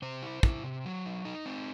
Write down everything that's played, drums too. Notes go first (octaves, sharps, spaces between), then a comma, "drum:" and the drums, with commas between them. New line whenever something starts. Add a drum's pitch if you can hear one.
C3 C5
E4
E4, drum: kick
C3
F#3
D#4
D#4
C4